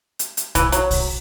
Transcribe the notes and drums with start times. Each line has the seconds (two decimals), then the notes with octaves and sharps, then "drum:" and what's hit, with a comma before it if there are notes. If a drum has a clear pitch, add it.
0.19 drum: hi-hat
0.37 drum: hi-hat
0.55 E3, drum: kick, hi-hat
0.72 F#3, drum: hi-hat
0.91 drum: kick, open hi-hat